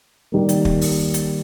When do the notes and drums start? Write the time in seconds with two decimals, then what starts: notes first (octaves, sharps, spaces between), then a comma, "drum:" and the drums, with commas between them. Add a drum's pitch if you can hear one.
0.32 D#3 G3 A#3
0.49 drum: hi-hat
0.65 drum: kick
0.81 drum: open hi-hat
1.14 drum: hi-hat